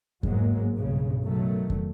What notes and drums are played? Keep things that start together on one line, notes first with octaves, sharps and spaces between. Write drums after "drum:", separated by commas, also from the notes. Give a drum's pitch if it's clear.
G1 G#2 F#3 G#3 A#3, drum: kick F2
B1 G2 C#3
B2 D#3 F#3 A3
drum: kick F2